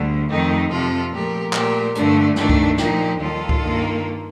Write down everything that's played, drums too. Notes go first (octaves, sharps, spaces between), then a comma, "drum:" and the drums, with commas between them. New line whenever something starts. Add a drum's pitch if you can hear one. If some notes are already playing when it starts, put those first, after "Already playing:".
Already playing: D2 D3 G3
F2 D#3 A3 D#4 G4
F2 C3 F3 F4 A4
A#2 F3 A3 G4 A#4
A#2 A3 G4 A#4, drum: clap
G2 D3 A3 D4, drum: hi-hat
G2 D#3 A3 D4, drum: snare
drum: kick C#2
A#2 F3 A#3 D#4 G4, drum: snare
D#2 D#3 G3 F4 A4
drum: kick C#2
G2 D#3 A#3